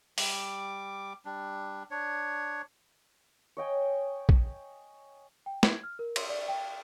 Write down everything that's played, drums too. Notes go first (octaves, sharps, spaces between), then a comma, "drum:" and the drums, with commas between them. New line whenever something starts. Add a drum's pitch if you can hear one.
G3 D6, drum: open hi-hat
G3 D4
D4 C#5
C#5 D#5 G5 G#5
drum: kick A#1
G5
G#6, drum: snare
F6
A#4
C6, drum: cymbal
D5
G5